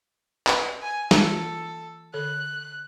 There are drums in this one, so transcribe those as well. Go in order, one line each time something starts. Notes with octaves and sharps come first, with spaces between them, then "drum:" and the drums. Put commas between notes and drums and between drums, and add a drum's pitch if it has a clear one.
B4, drum: clap
G#5
E3 A#3 F4 A4, drum: snare
D3 A4 C#5 F#6